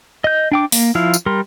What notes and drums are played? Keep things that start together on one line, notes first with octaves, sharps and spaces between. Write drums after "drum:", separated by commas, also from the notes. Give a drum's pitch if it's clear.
D#5 G6
D4 G5 D6
A#3, drum: open hi-hat
F3 E4 F5
drum: tambourine
G3 A#4 C6